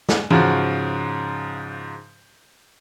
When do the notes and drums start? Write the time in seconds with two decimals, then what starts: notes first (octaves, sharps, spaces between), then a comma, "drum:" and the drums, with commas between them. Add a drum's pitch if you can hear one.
0.09 drum: snare
0.30 G#2 C#3 F3 F#4, drum: tom E3